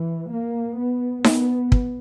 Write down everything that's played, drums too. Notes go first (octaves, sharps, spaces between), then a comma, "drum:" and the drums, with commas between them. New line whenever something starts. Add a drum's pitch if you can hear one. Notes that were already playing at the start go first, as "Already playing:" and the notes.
Already playing: E3
A#3
B3
B3, drum: snare D#4
drum: kick